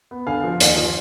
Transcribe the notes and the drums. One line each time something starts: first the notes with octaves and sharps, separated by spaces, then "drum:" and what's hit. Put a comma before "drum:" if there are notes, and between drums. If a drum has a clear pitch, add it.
B3
D3 F5 G#5
F3
D#2, drum: hi-hat
F3